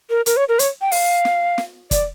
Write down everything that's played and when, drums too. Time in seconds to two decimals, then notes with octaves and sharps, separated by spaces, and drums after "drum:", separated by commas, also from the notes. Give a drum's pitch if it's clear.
0.10 A#4
0.26 A#4, drum: hi-hat
0.37 C#5
0.49 A#4
0.59 C#5, drum: hi-hat
0.81 G5
0.92 F5, drum: open hi-hat
1.25 drum: snare
1.58 drum: snare
1.91 D5, drum: kick, hi-hat